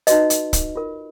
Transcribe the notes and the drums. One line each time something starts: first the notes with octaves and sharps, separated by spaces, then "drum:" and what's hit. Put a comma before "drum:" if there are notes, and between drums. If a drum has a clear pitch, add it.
D#4 F#4 B4 D#5, drum: hi-hat
drum: hi-hat
drum: kick, hi-hat
F4 A#4